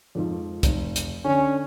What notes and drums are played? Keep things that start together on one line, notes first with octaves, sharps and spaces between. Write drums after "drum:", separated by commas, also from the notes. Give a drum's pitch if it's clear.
F2 G#2 F3
F1, drum: kick C2, hi-hat
drum: hi-hat
D3 C#4